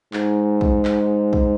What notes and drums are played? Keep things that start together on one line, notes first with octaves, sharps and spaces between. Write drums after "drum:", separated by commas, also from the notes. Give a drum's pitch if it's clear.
G#2, drum: clap
drum: kick
drum: clap
drum: kick